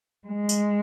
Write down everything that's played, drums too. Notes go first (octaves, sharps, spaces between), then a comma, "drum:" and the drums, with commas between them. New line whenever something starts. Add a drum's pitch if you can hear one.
G#3
drum: tambourine